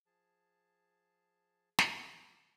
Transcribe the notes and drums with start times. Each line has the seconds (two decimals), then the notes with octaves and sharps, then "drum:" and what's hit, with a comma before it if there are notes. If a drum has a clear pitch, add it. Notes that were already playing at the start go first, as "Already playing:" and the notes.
0.06 F3 G#4 A5
1.79 drum: snare